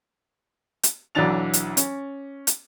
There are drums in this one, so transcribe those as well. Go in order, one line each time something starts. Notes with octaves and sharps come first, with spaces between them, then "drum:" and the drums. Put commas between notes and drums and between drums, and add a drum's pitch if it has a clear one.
drum: hi-hat
B1 E3 F#3 D4 A6 F7
drum: hi-hat
C#4, drum: hi-hat
drum: hi-hat